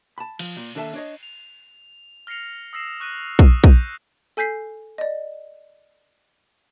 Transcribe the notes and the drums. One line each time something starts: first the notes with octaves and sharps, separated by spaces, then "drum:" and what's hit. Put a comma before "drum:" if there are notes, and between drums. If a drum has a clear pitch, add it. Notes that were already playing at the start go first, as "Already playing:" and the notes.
A5 B5
F3, drum: cymbal
A#2
D#2 D4 A4 E5 A5
D4 C#5 D#5
F7
F6 A#6 C7 C#7 F7
D#6 E6 A#6 C7 E7
C#6 F#6 A#6 D#7
D#6 D#7 E7, drum: kick
G6 D#7, drum: kick
A4 G#5 G6 B6 C7
D5 D#5